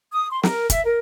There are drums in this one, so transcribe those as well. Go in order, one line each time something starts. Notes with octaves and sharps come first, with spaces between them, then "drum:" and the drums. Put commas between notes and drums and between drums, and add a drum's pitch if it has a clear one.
D#6
C6
A#4, drum: snare
E5, drum: kick, hi-hat
A#4